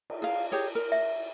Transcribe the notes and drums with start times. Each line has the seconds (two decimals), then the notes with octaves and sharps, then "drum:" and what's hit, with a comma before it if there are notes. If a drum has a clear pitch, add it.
0.10 drum: cymbal
0.22 G#4 F5
0.52 G4 G#4 C#5
0.75 A#4
0.92 E5